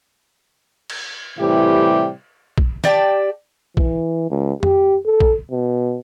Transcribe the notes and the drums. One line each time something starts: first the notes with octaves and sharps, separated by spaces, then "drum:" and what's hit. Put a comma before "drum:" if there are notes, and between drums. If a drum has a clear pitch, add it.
drum: cymbal
A2 C3 E3 G3 E4 G4
drum: kick A#1
G4 D5 G5 A5, drum: snare
E3, drum: kick A#1
C#2
G4, drum: tom F2
A4
drum: kick A#1
B2